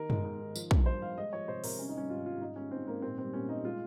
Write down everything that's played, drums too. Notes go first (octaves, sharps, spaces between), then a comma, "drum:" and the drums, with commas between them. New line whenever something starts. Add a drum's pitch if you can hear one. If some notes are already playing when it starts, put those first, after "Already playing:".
Already playing: D#3 A#4
G#3, drum: tom
G#2
D#3
F3, drum: tambourine
G2, drum: kick
G2 C5
F3 F5
G#3 D#5
F3 C#5
C3 C5
C3 A#4, drum: open hi-hat
G3 C#4
D#4
G3 C#4
G#2 F4
G3 F4
G#2 D#4
G#3 C#4
G#2 C4
G#2 A#3
A#2 C4
G3 C4
A#2 C#4
G3 D#4
G#3 F4